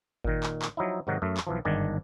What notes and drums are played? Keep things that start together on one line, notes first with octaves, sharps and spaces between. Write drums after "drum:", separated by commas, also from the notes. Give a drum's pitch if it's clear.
A#2 D#3, drum: kick G1
drum: clap
drum: clap
F3 F#3 D#4 E4
G#2 C3 D#3 F#3 F#4
F#2 A3
drum: clap
B1 E3 F3
G1 G#2 D#3 D4 G#5 A5